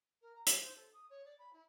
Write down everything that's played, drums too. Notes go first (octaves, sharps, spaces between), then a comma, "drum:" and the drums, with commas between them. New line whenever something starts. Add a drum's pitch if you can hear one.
A#4
A#5
C5, drum: hi-hat
C5
A4
D#6
C#5
D5
B5
E4